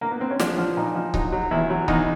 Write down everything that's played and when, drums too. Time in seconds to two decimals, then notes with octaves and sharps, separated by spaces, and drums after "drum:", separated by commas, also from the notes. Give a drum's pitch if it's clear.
0.01 A#3
0.11 B3
0.21 C4
0.31 C#4
0.39 F3 D4, drum: snare
0.58 F3
0.77 A#2 D#4
0.95 F3
1.14 F#3 D#4, drum: kick C#1
1.32 F#3
1.51 E2 E4
1.70 F#3
1.88 E2 D#4, drum: kick C#1